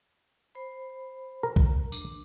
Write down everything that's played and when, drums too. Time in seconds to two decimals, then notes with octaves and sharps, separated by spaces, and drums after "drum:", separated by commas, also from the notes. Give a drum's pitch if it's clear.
0.55 C5 B5
1.43 A#4
1.56 drum: kick B1
1.92 D4, drum: tambourine